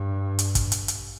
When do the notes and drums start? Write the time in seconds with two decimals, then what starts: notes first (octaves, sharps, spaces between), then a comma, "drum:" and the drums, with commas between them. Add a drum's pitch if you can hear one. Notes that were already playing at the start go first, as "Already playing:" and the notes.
Already playing: G2
0.39 drum: hi-hat
0.55 drum: kick, hi-hat
0.72 drum: hi-hat
0.88 drum: hi-hat